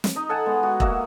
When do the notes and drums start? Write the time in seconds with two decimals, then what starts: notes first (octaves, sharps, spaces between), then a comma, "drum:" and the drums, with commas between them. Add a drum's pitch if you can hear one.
0.04 drum: snare
0.16 D#4 D#5
0.29 A4 F#5 G#5 A5
0.46 G#3 B3
0.63 F#4
0.80 A#3 F#4 D#5 E5, drum: kick E1